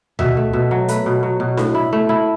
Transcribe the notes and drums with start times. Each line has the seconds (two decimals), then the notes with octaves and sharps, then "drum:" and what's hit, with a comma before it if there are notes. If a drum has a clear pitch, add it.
0.19 B2 E5, drum: tom D2
0.37 A3
0.53 B2 E5
0.71 F#3
0.88 A3 B4, drum: hi-hat
1.06 B2
1.23 F#3
1.40 B2
1.57 A2, drum: snare D4
1.75 E4
1.93 A3
2.09 E4